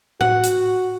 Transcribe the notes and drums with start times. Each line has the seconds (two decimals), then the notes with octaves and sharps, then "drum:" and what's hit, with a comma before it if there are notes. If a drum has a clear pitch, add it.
0.21 F#4 F#5, drum: tom A2
0.43 drum: hi-hat